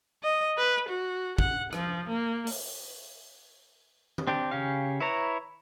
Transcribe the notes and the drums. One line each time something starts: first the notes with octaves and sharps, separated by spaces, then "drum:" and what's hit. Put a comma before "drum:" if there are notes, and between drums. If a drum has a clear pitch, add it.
D#5
B4
F#4
F#5, drum: kick
F3, drum: rim click
A#3
drum: open hi-hat
drum: tom D#3
C4 D4 G4
C#3 C#4 G4 F5
E4 B4 C#5 A#5